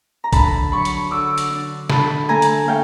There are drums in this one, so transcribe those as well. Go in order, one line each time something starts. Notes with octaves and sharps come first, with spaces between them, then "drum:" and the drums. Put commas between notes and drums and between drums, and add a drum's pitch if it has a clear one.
A#5
D3 A5 B5, drum: kick A#1, hi-hat
F#3 B5 C#6
drum: hi-hat
D3 D6 E6
drum: hi-hat
D4
D3 A5 B5, drum: snare
A3 G#5 A#5
drum: hi-hat
A3 F5 G5